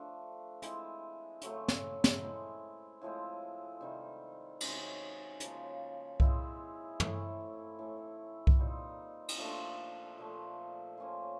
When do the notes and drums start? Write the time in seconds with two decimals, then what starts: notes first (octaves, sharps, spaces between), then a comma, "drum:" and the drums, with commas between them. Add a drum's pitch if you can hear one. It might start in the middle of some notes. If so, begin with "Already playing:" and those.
Already playing: F3 A3 D4
0.62 E3 G#3 C4, drum: hi-hat
1.42 C#3 F#3 A3 C4, drum: hi-hat
1.68 drum: snare
2.04 drum: snare
2.21 G#3 C4 E4
3.02 A2 F3 G#3 C4
3.81 C3 D#3 G3
4.61 C3 D#3 G#3 C#4, drum: cymbal
5.40 C#3 F3 A#3, drum: hi-hat
6.20 G#3 C4 E4 G#4, drum: kick C2
7.00 A2 E3 A3, drum: tom
7.79 A2 E3 A3
8.47 drum: kick C2
8.59 A#2 G3 C4 D#4
9.29 drum: cymbal
9.38 A#2 F3 A3 D4
10.18 A#2 F3 A3
10.97 F3 A#3 C#4 F4